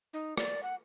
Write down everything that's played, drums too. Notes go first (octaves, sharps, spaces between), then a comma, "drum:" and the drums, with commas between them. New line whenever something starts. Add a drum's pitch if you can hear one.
D#4
D5, drum: rim click
F#5